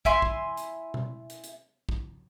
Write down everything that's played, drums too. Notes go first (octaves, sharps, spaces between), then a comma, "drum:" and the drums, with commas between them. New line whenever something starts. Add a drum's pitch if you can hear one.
E4 E5 G#5 C6, drum: kick
drum: kick
drum: hi-hat
drum: tom B2
drum: hi-hat
drum: hi-hat
drum: kick